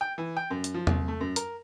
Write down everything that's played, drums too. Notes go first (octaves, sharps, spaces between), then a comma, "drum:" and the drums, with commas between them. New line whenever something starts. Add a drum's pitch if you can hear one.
G5
E3
G5
F#2
drum: hi-hat
F3
C2, drum: tom E2
A3
F#2
A#4, drum: hi-hat